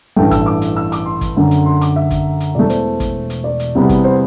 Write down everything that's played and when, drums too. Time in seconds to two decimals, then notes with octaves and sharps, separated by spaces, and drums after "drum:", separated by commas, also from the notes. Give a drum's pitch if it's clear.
0.16 A1 G2 E3 A3 G5
0.31 E6, drum: kick, hi-hat
0.46 D6
0.62 drum: hi-hat
0.76 E6
0.92 D6, drum: hi-hat
1.06 C6
1.21 drum: kick, hi-hat
1.36 F#2 D3 A3
1.51 drum: hi-hat
1.66 C6
1.81 D6, drum: hi-hat
1.96 E5
2.11 drum: kick, hi-hat
2.40 drum: hi-hat
2.55 E1 E2 B2 A3 D5
2.70 C5, drum: hi-hat
3.00 drum: kick, hi-hat
3.30 drum: hi-hat
3.44 D5
3.60 drum: hi-hat
3.75 E2 C3 G3 B3
3.89 drum: kick, hi-hat
4.04 C5